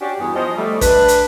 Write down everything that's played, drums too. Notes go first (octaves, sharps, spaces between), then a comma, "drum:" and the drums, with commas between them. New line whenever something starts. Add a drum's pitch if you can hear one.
C#4 D4 F#4 G4
E2 G2 B3 F#4 G#4
F3 D#5
G3 A3
D4 B4, drum: kick, hi-hat
drum: hi-hat